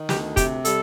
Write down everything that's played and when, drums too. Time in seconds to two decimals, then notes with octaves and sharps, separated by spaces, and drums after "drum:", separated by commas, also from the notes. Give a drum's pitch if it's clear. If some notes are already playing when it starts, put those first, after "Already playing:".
Already playing: D#3
0.09 D2 G4, drum: snare
0.37 C3 G4, drum: kick, hi-hat
0.65 G3 A4, drum: hi-hat